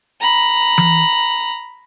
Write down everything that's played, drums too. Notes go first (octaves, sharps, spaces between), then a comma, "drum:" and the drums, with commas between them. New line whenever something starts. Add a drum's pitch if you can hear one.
A#5 B5
drum: tom E3